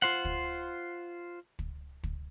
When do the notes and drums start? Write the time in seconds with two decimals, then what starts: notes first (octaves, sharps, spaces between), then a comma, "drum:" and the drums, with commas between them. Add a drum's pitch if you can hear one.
0.02 F4 C5 F#5
0.25 drum: kick
1.59 drum: kick
2.03 drum: kick